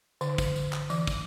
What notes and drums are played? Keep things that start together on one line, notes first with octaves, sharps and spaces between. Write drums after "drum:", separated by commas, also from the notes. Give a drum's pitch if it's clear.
D3, drum: tambourine
drum: kick, tambourine
drum: tambourine
drum: clap
E3, drum: tambourine
drum: kick, tambourine